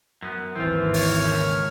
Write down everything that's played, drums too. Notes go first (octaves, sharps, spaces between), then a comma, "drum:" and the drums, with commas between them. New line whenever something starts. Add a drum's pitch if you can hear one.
F#2 B3
G#1 D#2 E3 C4 F4
C#5 F6, drum: open hi-hat
C#2